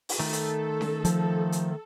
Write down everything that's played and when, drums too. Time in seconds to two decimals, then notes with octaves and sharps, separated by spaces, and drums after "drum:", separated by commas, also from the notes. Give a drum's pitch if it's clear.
0.09 drum: open hi-hat
0.19 D#3 A3 A4
0.33 drum: hi-hat
0.81 drum: snare C#4
1.05 F3, drum: hi-hat
1.52 drum: hi-hat